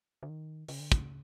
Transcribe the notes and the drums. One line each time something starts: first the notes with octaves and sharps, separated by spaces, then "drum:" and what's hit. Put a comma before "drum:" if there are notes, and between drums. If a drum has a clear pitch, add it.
D3
D#3
C#3, drum: open hi-hat
D3
C#3, drum: kick, hi-hat